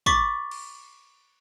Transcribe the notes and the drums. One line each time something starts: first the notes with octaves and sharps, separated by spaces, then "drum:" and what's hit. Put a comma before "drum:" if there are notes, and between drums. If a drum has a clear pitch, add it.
B5 C#6 D6 A6 B6, drum: kick
drum: cymbal